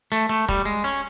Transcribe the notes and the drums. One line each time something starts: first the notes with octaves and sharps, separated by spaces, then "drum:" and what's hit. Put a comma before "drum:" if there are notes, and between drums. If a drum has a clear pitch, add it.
A3
A3
G3, drum: kick
G#3
C#4